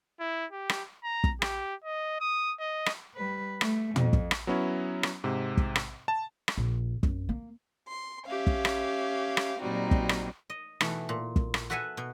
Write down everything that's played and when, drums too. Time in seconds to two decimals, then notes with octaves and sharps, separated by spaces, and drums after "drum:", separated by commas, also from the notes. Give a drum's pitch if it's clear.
0.20 E4
0.52 G4
0.69 drum: rim click
1.04 A#5
1.24 drum: kick
1.42 G4, drum: rim click
1.84 D#5
2.21 D#6
2.60 D#5
2.86 drum: rim click
3.15 G3 B4
3.61 A3, drum: rim click
3.96 F2, drum: tom
4.13 drum: kick
4.31 drum: rim click
4.47 F#3 B3 C#4 E4
5.03 drum: rim click
5.24 G#2 C3
5.57 drum: kick
5.75 drum: rim click
6.08 A5
6.48 drum: rim click
6.57 A#1
7.03 F#2, drum: kick
7.29 A#3
7.88 C6
8.26 C#4 G4 E5 F5
8.47 drum: kick
8.65 drum: rim click
9.37 drum: rim click
9.61 A#2 F#3 G3 C4 D#4 F#4
9.91 drum: kick
10.09 drum: rim click
10.50 D#5
10.81 B2 E3 A3, drum: rim click
11.09 A#2
11.36 drum: kick
11.54 drum: rim click
11.70 F#4 A4 B4 E5 F#5 G#5
11.97 B2